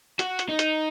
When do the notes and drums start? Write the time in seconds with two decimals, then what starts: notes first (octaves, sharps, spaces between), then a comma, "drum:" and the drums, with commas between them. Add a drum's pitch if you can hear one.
0.19 F#4, drum: hi-hat
0.39 drum: hi-hat
0.49 D#4
0.59 drum: hi-hat